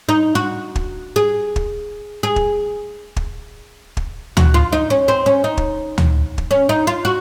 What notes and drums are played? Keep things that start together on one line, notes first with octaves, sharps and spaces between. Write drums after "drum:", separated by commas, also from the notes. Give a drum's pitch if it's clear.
D#4
F#4
drum: kick
G#4
drum: kick
G#4
drum: kick
drum: kick
drum: kick
F#4, drum: tom D2
F4
D#4
C#4
C4
C#4
D#4
drum: kick
drum: tom D2
drum: kick
C#4
D#4
F4
F#4